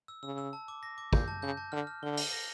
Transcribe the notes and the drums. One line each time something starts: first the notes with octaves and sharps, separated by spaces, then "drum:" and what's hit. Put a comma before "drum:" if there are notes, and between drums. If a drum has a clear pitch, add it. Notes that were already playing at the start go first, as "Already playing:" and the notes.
E6
C#3 E6
E6
A5
D6
A#6
D6
A#2 G6, drum: kick
A5
C#3 G6
A5
D3 F6
F6
D3 G7
G7, drum: open hi-hat
A#6